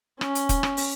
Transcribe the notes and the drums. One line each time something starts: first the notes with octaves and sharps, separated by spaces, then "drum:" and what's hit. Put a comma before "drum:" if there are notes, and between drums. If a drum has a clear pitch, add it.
C#4, drum: rim click
drum: hi-hat
drum: kick, hi-hat
drum: rim click
drum: open hi-hat